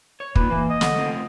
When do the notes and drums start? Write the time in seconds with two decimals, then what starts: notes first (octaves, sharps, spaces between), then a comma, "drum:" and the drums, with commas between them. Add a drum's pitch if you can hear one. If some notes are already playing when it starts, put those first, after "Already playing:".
0.20 C#5
0.36 A#2 A#3 D#4 B4, drum: kick
0.50 E3 A#3
0.70 D#5
0.81 D3, drum: snare
0.95 A3 C4 F4